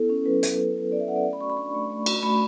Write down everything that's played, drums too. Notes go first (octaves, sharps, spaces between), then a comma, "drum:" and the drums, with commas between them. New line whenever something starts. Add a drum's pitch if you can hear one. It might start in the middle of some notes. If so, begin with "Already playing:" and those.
Already playing: B3 E4 A4
C#4
F#3 B4
C#4, drum: hi-hat
C#4
C#4
C#4 D5
E5
C#4 F#5
D5
A3
B5
F#4 C#6
B5
D4 C#6
A3
A3
F#4, drum: cymbal
A3 B5